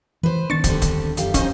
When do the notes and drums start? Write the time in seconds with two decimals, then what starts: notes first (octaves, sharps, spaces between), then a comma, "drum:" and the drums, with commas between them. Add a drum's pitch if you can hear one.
0.23 E3 B4 C5
0.50 D#3 B3 D4 C#6 A6
0.64 D3 G3 C4, drum: kick, hi-hat
0.82 drum: kick, hi-hat
1.17 F#2 G4 F5, drum: hi-hat
1.34 C#4 D#4 C5 D#5, drum: kick, hi-hat